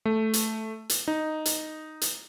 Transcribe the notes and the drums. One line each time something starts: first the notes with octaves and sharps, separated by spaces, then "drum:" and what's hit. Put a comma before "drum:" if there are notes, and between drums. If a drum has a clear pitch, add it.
A3
drum: hi-hat
drum: hi-hat
D#4
drum: hi-hat
drum: hi-hat